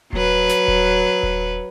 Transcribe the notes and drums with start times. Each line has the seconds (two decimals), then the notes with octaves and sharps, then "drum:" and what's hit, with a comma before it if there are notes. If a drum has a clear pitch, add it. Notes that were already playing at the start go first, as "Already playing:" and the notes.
0.13 F#3 B4, drum: kick D#1
0.50 drum: snare
0.68 drum: kick D#1
1.23 drum: kick D#1